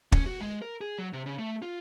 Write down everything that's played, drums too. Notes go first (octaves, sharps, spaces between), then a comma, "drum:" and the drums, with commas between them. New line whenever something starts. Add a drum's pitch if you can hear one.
C#4, drum: kick
F#4
G#3
A#4
G#4
F#3
C3
C#3
A3
F4